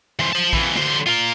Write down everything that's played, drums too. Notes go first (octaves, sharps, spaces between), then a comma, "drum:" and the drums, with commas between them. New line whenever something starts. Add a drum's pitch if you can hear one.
E3 C4
C5 A5
F2 E3, drum: kick A#1
D3 C5, drum: snare
F4 A#4